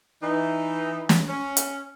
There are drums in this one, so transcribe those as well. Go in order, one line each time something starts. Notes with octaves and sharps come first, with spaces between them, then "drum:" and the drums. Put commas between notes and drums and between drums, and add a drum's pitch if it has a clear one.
E3 D#4
drum: snare
C#4
drum: hi-hat